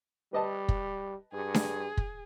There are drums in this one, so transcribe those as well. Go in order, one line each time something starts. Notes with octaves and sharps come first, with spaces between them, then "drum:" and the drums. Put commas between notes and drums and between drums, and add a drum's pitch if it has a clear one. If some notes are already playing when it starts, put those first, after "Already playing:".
G3 B4 D#5 A5
drum: kick
G2 G#4
drum: snare D4
drum: kick